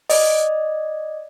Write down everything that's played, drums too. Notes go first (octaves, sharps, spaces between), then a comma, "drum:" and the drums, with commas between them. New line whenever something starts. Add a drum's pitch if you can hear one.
D5 D#5, drum: open hi-hat